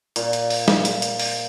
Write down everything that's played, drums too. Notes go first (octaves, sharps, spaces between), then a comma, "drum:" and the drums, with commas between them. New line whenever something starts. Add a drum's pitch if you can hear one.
A#2, drum: hi-hat
drum: hi-hat
drum: open hi-hat
drum: snare
drum: hi-hat
drum: hi-hat
drum: open hi-hat